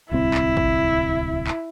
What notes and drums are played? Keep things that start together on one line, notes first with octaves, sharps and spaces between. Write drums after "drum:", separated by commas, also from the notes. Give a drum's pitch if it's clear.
D1 C2 C4 E4
drum: clap
drum: kick
drum: clap